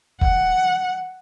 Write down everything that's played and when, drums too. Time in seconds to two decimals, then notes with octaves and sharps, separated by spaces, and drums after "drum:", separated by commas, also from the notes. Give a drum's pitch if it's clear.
0.21 F#5, drum: kick